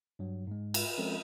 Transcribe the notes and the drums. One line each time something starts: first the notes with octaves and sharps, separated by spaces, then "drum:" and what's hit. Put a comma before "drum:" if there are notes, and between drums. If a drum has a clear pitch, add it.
G2 F#3
G#2 G#3
drum: cymbal
F3 G#3 C4 C#4 A4 A#4